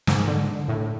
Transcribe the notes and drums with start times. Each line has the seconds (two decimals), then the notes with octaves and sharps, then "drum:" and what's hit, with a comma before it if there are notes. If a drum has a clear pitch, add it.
0.07 G#2, drum: snare
0.28 D3
0.68 A2